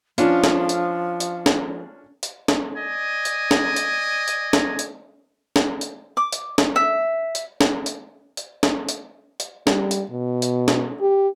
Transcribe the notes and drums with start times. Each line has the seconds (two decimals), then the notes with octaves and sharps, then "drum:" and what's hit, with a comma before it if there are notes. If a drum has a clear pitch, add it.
0.18 F3 C#4 D4 F4, drum: hi-hat
0.44 drum: snare
0.69 drum: hi-hat
1.20 drum: hi-hat
1.46 drum: snare
2.23 drum: hi-hat
2.48 drum: snare
2.77 D5 D#5 G#5
3.25 drum: hi-hat
3.51 drum: snare
3.76 drum: hi-hat
4.28 drum: hi-hat
4.53 drum: snare
4.79 drum: hi-hat
5.56 drum: snare
5.81 drum: hi-hat
6.17 D6
6.32 drum: hi-hat
6.58 drum: snare
6.76 E5
7.35 drum: hi-hat
7.61 drum: snare
7.86 drum: hi-hat
8.37 drum: hi-hat
8.63 drum: snare
8.89 drum: hi-hat
9.40 drum: hi-hat
9.67 G3, drum: snare
9.91 drum: hi-hat
10.11 B2
10.42 drum: hi-hat
10.68 drum: snare
11.01 G4